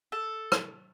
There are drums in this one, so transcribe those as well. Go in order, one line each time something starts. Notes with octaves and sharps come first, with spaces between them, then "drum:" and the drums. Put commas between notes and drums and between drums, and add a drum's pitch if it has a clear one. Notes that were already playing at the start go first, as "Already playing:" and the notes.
A4
drum: rim click